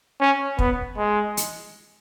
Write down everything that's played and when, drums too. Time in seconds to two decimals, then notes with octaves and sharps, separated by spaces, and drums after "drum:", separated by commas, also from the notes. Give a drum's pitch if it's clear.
0.20 C#4
0.59 B3, drum: kick
0.97 G#3
1.37 drum: hi-hat